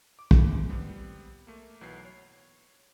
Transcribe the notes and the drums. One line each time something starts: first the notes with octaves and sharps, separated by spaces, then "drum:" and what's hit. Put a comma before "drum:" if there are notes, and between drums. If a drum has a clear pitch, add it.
D6
drum: kick
G#3
G3 B3 C4
A3 A#3
B1 E3 F#3 B3 C7
C#5